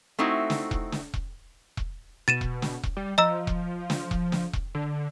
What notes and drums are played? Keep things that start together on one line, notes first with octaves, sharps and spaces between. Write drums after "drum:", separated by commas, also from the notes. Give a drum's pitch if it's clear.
A3 C4 D#4 E4 F#4
drum: snare
drum: kick E1
drum: snare
drum: kick E1
drum: kick E1
B2 A6 D#7 E7
drum: kick E1
drum: snare
drum: kick E1
G3
F3 D#5 A#5 E6
drum: kick E1
drum: snare
drum: kick E1
drum: snare
drum: kick E1
D3